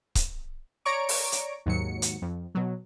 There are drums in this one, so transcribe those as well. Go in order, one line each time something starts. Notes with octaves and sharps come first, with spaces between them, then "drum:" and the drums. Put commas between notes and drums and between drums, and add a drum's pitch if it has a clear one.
drum: kick C#1, hi-hat
C#5 D5 A#5 C#6 D7
drum: open hi-hat
drum: hi-hat
D#2 G#2 F#3 C#7
drum: hi-hat
F2
B2 F#3